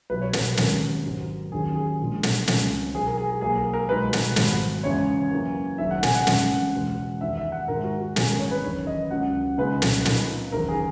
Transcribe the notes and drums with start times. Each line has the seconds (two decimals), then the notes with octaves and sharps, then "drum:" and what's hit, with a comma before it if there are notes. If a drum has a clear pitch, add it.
0.10 B1 B2 F#3 B3 E4 B4
0.21 C#5
0.33 B4, drum: snare
0.46 A#4
0.57 D#2 D#3 G#3 C#4 A#4, drum: snare
1.05 G#1 G#2 F#3
1.52 D#2 D#3 F#3 C#4 G#4
1.75 G#4
1.99 A#1 A#2 G#3
2.23 drum: snare
2.48 C#2 C#3 G#3 C#4, drum: snare
2.94 B1 B2 F#3 G#4
3.07 A#4
3.17 G#4
3.30 G#4
3.41 B1 B2 A#3 G#4
3.57 A#4
3.74 A#4
3.89 B1 B2 G#3 D#4 B4
4.13 drum: snare
4.36 G#1 G#2 F#3 B3, drum: snare
4.84 E2 C#3 G#3 C#4 E4 C#5
5.31 F#2 E3 A#3
5.78 F#1 F#2 D#3 E5
5.91 F#5
6.03 G#5, drum: snare
6.15 F#5
6.27 E2 C#3 G#3 C#4, drum: snare
6.73 E1 E2 B2 G#3
7.21 E1 E2 D#3 E5
7.37 E5
7.52 F#5
7.68 G#2 D#3 G#3 A#4
7.84 F#4
8.00 F#4
8.16 G#1 F#2 E3 G#3 B3 G#4, drum: snare
8.28 A#4
8.39 C#5
8.51 B4
8.64 F#1 E2 D#3 C#5
8.87 D#5
9.11 C#2 C#3 F#3 F#5
9.58 C#2 C#3 G#3 D#4 B4
9.82 drum: snare
10.05 A#2 A#3 D#4, drum: snare
10.52 F#1 E2 D#3 A#4
10.68 G#4